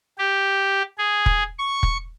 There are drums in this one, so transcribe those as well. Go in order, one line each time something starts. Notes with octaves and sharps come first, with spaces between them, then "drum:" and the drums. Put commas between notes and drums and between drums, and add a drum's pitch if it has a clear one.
G4
G#4
drum: kick
C#6
drum: kick